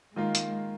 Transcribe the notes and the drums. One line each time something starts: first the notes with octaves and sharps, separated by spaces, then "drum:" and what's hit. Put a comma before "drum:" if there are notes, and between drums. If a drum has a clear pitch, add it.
D#3 G#3 A#3 F4
drum: hi-hat